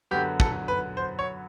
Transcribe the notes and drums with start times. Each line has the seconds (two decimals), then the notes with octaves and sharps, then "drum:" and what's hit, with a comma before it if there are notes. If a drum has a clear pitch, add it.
0.11 F#2 D3 F#3 B3 G4
0.40 A4, drum: kick
0.68 B4
0.97 C5
1.19 C#5